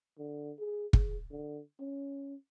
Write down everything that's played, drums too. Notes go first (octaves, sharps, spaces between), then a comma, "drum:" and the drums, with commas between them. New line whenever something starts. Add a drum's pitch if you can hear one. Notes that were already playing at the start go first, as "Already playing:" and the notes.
D3
G#4
G#4, drum: kick
D3
C#4